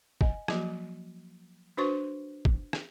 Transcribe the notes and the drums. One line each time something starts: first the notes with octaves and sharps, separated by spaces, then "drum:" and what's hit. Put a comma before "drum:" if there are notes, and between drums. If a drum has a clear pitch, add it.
D#5 G#5, drum: kick
F3 F#3 A#3 F#4, drum: rim click
D4 F#4 B4 C5 C6 C#6
drum: kick
drum: rim click